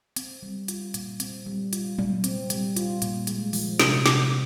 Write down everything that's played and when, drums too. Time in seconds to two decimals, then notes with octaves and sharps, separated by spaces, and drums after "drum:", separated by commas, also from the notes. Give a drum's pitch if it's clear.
0.16 C4, drum: hi-hat
0.43 G3
0.68 F4, drum: hi-hat
0.94 A#2, drum: hi-hat
1.20 C4, drum: hi-hat
1.46 G3
1.73 F4, drum: hi-hat
1.99 A#2, drum: tom F#3
2.24 C4, drum: hi-hat
2.50 G3, drum: hi-hat
2.76 F4, drum: hi-hat
3.02 A#2, drum: hi-hat
3.27 G#3, drum: hi-hat
3.53 F3, drum: open hi-hat
3.79 C3, drum: snare
4.06 C3, drum: snare